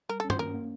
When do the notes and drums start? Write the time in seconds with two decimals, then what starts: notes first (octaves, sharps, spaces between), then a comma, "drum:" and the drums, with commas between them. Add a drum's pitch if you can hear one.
0.09 G3 A#4
0.20 C#4 A4
0.30 C5, drum: tom
0.39 A#3 A#4
0.54 A#3